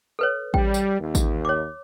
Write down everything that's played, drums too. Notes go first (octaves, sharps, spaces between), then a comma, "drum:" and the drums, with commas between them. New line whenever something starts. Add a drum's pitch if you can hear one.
A4 B4 C#5
G3 G5, drum: kick A1
drum: tambourine
D#2
drum: kick A1, tambourine
C#5 D6